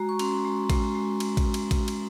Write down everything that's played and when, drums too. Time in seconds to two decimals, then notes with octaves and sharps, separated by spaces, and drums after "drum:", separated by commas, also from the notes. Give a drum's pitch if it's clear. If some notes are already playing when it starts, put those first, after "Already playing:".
Already playing: G#3 F#4 A#5
0.09 C#6
0.19 C#4 C6, drum: cymbal
0.45 G#3
0.70 G#3, drum: kick A1, cymbal
0.95 G#3
1.20 drum: cymbal
1.37 drum: kick A1, cymbal
1.54 drum: cymbal
1.71 drum: kick A1, cymbal
1.88 drum: cymbal